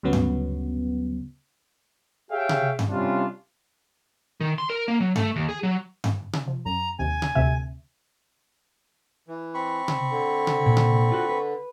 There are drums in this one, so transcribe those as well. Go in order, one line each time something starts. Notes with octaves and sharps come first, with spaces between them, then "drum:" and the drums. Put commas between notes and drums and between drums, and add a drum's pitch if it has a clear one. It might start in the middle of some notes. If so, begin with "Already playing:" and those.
D2 G2 C#3 F#3 B3
drum: tom G2
G4 G#4 C#5 E5 F5 G5
drum: tom C3
drum: tom G2
C3 G3 C#4 D4 F4
D#3
C6
A#4
A#3
F#3
A3, drum: tom G2
D#2
G#4
F#3
drum: tom G2
drum: tom C3
F3
F#2 A#5
D#2 C3 G#5
drum: tom C3
D2 C3 E5
E3
C4 B5 C#6
drum: tom C3
D3
drum: tom C3
A#2
drum: tom C3
F4 F#4
B4